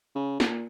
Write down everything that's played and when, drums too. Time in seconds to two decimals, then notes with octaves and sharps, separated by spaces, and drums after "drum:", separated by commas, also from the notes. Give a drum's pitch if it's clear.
0.15 C#3
0.40 A#2, drum: snare